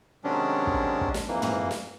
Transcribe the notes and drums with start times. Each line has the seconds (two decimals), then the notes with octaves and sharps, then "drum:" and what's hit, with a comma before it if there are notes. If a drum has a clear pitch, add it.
0.24 C3 D#3 F#3 G#3 C#4 D4
0.67 drum: kick
1.01 drum: kick
1.14 drum: snare
1.28 F2 G#2 E3 A#3
1.42 drum: tom
1.71 drum: snare